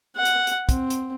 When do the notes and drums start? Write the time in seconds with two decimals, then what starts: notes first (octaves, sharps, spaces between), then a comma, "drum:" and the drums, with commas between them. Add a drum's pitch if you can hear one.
0.16 F#5
0.25 drum: hi-hat
0.47 drum: hi-hat
0.69 C4, drum: kick, hi-hat
0.90 drum: hi-hat